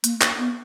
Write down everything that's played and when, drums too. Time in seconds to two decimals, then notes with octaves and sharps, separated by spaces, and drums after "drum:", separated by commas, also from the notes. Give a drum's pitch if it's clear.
0.04 A#3, drum: hi-hat
0.21 drum: clap
0.39 B3